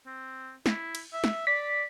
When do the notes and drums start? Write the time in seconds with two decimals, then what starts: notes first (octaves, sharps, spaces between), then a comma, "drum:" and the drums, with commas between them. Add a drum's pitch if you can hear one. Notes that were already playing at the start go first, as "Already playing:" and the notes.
0.06 C4
0.66 E4, drum: snare
0.95 drum: cymbal
1.13 E5
1.24 drum: snare
1.47 D5 B6